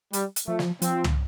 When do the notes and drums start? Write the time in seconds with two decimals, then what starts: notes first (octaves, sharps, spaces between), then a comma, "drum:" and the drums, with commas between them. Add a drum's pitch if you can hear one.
0.13 G3, drum: hi-hat
0.36 drum: hi-hat
0.48 F3 A3
0.59 drum: snare
0.82 F3 C4, drum: hi-hat
1.04 drum: tom